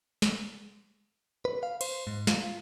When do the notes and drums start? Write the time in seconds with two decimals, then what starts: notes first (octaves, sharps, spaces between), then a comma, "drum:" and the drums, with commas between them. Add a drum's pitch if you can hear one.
0.22 drum: snare
1.45 B4
1.63 F5
1.81 C5, drum: cymbal
2.07 G#2
2.27 F4, drum: snare
2.43 F4